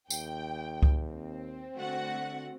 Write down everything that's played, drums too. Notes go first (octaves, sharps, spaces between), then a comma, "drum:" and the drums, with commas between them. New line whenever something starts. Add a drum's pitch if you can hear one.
D#2 G5, drum: tambourine
drum: kick C#2
C4
D3 A3 F#4 F#5